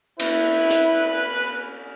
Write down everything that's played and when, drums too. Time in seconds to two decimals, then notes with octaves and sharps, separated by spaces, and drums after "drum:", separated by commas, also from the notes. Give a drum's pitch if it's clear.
0.19 E4 B4, drum: cymbal
0.70 drum: hi-hat